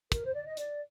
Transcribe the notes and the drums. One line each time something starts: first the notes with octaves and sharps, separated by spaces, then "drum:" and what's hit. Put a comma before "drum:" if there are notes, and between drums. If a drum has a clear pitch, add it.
A#4, drum: kick, hi-hat
C5
D5
D#5
D5, drum: hi-hat